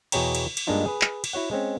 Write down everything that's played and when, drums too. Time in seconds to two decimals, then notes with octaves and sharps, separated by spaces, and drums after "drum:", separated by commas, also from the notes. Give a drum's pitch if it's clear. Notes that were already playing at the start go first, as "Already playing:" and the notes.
0.12 E2 B2 G#4 C#5 G5 A#5, drum: cymbal
0.35 drum: cymbal
0.57 drum: cymbal
0.67 G2 G#3 A#3 D4 D#4 F4
0.86 G#4 B4
1.01 drum: clap
1.24 drum: cymbal
1.33 E4 F#4 C#5 F#5
1.51 G#3 C4 C#4